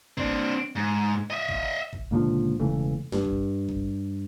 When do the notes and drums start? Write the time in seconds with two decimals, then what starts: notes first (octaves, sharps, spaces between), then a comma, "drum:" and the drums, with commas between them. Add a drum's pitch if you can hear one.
0.18 C4 D4, drum: kick G#1
0.76 G#2
1.30 D#5 E5
1.49 drum: kick G#1
1.93 drum: kick G#1
2.11 C#2 A#2 D3 F3
2.60 E1 C#3 E3 A3
3.12 G2, drum: snare
3.25 drum: kick G#1
3.69 drum: kick G#1